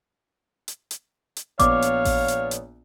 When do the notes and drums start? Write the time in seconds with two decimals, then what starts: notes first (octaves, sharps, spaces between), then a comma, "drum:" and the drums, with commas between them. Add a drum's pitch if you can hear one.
0.68 drum: hi-hat
0.91 drum: hi-hat
1.37 drum: hi-hat
1.59 A#1 B3 C#5 D5 F5 D6, drum: kick A1, hi-hat
1.82 drum: hi-hat
2.05 drum: kick A1, open hi-hat
2.28 drum: hi-hat
2.51 drum: hi-hat